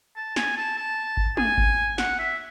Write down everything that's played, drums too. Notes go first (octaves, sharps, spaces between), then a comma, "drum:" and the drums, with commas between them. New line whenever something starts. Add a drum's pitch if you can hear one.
A5
G#5, drum: snare
A5
A5
drum: kick G1
G#5, drum: tom
drum: kick G1
F#5, drum: snare
E5